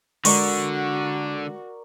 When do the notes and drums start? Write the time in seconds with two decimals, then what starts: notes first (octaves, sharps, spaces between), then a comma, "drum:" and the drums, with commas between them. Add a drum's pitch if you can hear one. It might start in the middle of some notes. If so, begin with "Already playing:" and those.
0.25 D3 G#3 F#4 A#4 D5 C#6, drum: open hi-hat